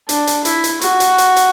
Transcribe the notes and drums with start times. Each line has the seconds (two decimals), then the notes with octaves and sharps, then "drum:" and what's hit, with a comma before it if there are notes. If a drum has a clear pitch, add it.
0.09 D4, drum: hi-hat
0.27 drum: hi-hat
0.45 E4, drum: hi-hat
0.64 drum: hi-hat
0.81 F#4, drum: hi-hat
1.00 drum: hi-hat
1.18 drum: hi-hat
1.36 drum: hi-hat